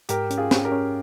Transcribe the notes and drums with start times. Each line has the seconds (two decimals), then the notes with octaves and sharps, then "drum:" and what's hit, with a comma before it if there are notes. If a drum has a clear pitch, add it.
0.09 G#2 G4 A#4, drum: hi-hat
0.30 C#4, drum: hi-hat
0.38 F4 G#4
0.51 C#4, drum: snare
0.65 G4 A#4
0.72 C#4